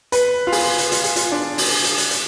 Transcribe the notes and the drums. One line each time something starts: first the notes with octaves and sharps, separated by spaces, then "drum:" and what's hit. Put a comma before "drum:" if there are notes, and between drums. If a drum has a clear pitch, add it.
B4, drum: hi-hat
F4
G#4, drum: open hi-hat
drum: hi-hat
F4, drum: hi-hat
G#4, drum: hi-hat
F4, drum: hi-hat
D4
drum: open hi-hat
drum: hi-hat
drum: hi-hat
drum: hi-hat